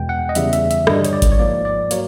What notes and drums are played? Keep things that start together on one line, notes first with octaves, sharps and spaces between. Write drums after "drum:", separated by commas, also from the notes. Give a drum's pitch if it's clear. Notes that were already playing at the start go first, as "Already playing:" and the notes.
Already playing: E2 B2 G#3 B3 G5
F#5
D#5
E2 C#3 E3 G3 E5, drum: hi-hat
E5, drum: hi-hat
E5, drum: hi-hat
G2 D3 G3 D#5, drum: rim click
C#5, drum: hi-hat
D5
drum: kick G#1, hi-hat
C#5
G#2 F3 A#3 D5
D5
F#3 A#3 C#5, drum: hi-hat